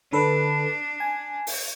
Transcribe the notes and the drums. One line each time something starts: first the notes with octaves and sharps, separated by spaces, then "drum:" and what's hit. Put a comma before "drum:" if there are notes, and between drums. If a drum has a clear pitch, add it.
D3 D4 A4 B4
G#5
drum: open hi-hat